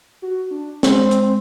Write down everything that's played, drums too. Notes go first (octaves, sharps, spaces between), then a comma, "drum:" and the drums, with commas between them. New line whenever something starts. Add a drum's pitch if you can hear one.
F#4
D4
G#3 C4, drum: snare
drum: hi-hat